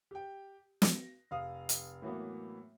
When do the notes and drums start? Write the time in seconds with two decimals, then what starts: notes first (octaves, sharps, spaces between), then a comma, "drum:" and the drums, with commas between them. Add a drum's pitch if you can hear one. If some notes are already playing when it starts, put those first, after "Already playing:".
0.11 G4 G5
0.82 A#6, drum: snare
1.31 F1 F5 D#6
1.69 drum: hi-hat
2.02 A2 E3 F#3 A#3 B3